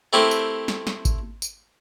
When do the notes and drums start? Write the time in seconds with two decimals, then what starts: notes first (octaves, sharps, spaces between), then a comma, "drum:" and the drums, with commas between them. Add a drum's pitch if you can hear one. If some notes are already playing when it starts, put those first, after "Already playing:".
0.13 A3 C4 E4 G4 A#4
0.31 drum: tambourine
0.68 drum: snare
0.87 drum: snare
1.05 drum: kick G#1, tambourine
1.42 drum: tambourine